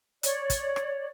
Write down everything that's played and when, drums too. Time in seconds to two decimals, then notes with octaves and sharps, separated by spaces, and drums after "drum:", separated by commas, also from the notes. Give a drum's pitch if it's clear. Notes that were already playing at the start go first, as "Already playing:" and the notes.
0.23 C#5 D5, drum: hi-hat
0.50 drum: kick, hi-hat
0.76 drum: rim click